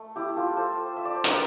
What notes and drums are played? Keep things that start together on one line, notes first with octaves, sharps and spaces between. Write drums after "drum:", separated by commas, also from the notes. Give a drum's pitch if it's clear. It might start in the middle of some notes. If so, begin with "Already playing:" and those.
Already playing: A3
E4 G4
F4 A4
A4 C5
E5
D5
C5
A#4 D5, drum: hi-hat